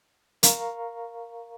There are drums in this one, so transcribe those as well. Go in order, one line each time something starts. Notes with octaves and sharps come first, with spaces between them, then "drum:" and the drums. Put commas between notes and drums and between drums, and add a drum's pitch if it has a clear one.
A#4 F5 A#5 C#6, drum: hi-hat